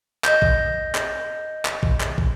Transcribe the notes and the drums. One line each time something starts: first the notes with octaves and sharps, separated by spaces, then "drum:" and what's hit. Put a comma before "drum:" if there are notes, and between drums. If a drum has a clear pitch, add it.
D#5 G6, drum: clap
drum: kick
drum: clap
drum: clap
drum: kick
drum: clap
drum: kick